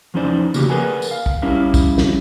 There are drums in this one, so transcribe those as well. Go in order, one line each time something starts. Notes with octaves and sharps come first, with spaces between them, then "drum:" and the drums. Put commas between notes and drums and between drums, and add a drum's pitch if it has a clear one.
E2 F3 C#4 D#4 C5 D5
C#3 F3 A#3 F#4 G4, drum: tambourine
G#4 A#4 B4 D5 F#5 G#5
drum: tambourine
F5
drum: kick
G3 C#4 E4 A#4 F5
drum: kick, tambourine
drum: snare